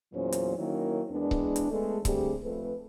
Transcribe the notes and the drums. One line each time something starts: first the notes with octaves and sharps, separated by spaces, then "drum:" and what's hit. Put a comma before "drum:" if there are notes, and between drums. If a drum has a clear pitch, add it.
E2 A#2 F#3 C#4 C5
drum: hi-hat
D#3 F#3 A#3 C#4 E4
E2 G#3 B3 D4
drum: kick C#1
drum: hi-hat
G#3 A3 B3 G#4 A4
D3 G3 A3 C4 G4 G#4, drum: kick C#1, hi-hat
F2 A3 C4 B4